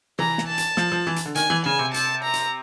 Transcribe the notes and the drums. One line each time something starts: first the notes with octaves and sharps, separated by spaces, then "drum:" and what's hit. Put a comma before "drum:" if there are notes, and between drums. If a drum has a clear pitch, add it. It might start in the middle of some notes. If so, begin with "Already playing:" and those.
E3 A#5, drum: tom
drum: snare
A5
drum: hi-hat
F3, drum: snare
F3
E3
drum: hi-hat
D3
D#3 G#5, drum: hi-hat
E3
C#3 G#5
C3
A5, drum: hi-hat
A#5
drum: hi-hat